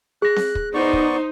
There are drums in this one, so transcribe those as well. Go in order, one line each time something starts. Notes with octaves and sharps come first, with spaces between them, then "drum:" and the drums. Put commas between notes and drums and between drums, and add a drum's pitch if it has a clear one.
G#4 F#6 A#6
drum: snare C4
drum: kick
B3 D#4 C5 D5 C#6
drum: kick